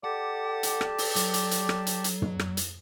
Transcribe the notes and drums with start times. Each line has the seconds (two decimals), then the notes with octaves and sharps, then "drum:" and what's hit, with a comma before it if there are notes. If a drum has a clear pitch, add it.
0.04 G4 A4 D5 F#5 A5
0.63 drum: hi-hat
0.81 drum: rim click
0.98 drum: open hi-hat
1.16 F#3, drum: hi-hat
1.34 drum: hi-hat
1.51 drum: hi-hat
1.69 drum: rim click
1.87 drum: hi-hat
2.04 drum: hi-hat
2.22 drum: tom
2.39 drum: rim click
2.57 drum: hi-hat